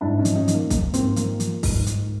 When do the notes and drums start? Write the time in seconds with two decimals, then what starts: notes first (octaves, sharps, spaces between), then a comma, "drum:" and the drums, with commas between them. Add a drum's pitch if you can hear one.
0.01 G#2 D4 E4
0.19 C#4 D#4
0.25 F3, drum: hi-hat
0.36 C#4 D#4
0.48 F3, drum: hi-hat
0.54 A#3
0.70 F3 A#3, drum: kick C2, hi-hat
0.94 G#2 A#3 C4, drum: hi-hat
1.16 F3 A#3, drum: hi-hat
1.40 F3, drum: hi-hat
1.63 G#2, drum: kick C2, open hi-hat
1.86 G#2, drum: hi-hat